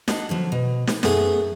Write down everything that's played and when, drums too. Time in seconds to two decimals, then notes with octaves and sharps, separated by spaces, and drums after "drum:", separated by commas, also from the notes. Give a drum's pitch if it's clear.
0.08 D4 D#4 F#4, drum: snare
0.29 D3 F3 F#3
0.52 B2
0.87 drum: snare
1.03 F#2 A3 B3 G#4, drum: snare